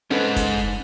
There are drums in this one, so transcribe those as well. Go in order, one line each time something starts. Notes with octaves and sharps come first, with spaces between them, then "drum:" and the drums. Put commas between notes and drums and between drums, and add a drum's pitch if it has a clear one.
G#2 C#4 A4 B4
drum: kick F#1, hi-hat